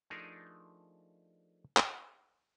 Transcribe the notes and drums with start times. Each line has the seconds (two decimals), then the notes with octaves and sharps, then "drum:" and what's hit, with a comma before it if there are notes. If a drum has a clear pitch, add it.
0.10 F3 A3 D4 D#4 G#4 A#4
1.77 drum: clap